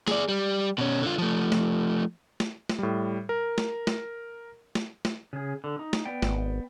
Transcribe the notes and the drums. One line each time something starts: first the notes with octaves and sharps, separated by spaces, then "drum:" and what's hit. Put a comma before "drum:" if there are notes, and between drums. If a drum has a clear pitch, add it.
G#4 D5, drum: snare
G3
B2 C#4
D3 F4
F3 A3
drum: snare
drum: snare
drum: snare
A2 G3
A#4
drum: snare
drum: snare
drum: snare
drum: snare
C#3 G#4
D3
D#4
drum: snare
B3 D5 G5
G#1, drum: snare